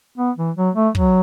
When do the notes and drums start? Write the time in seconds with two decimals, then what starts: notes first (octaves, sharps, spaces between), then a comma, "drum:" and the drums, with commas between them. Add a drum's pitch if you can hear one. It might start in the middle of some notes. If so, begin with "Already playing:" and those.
0.18 B3
0.38 E3
0.57 F#3
0.75 A3
0.95 F#3, drum: kick